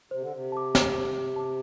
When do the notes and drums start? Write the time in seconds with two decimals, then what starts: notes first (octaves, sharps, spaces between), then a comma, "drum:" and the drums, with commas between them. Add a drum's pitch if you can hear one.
0.11 C3 C5
0.21 D3
0.33 C3
0.52 A5 D6
0.75 drum: snare
0.94 C5
1.36 A5 D6